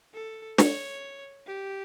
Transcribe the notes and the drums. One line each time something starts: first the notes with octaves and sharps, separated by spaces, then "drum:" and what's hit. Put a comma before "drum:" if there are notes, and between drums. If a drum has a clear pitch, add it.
A4
C#5, drum: snare
G4